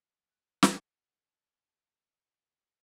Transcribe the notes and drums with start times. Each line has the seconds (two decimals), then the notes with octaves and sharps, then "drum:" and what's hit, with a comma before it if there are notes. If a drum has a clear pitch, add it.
0.28 F#6
0.63 drum: snare
0.85 F#5
1.19 A5
2.29 C6
2.47 D#6